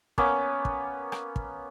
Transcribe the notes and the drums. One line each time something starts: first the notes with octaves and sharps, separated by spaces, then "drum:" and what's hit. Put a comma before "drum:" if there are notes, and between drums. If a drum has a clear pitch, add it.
A#3 B3 C#4 D6, drum: kick
drum: kick
drum: rim click
drum: kick